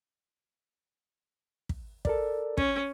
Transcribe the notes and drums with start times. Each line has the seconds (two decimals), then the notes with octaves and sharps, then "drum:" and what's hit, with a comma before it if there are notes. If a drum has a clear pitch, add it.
1.69 drum: kick
2.05 A4 A#4 D5, drum: kick
2.57 C#4, drum: kick